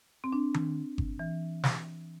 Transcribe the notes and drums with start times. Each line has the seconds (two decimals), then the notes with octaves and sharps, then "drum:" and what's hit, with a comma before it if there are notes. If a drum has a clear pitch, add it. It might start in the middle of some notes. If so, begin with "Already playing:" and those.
0.24 C4
0.33 D4
0.54 drum: tom D#3
0.98 drum: kick G1
1.19 E3
1.64 drum: snare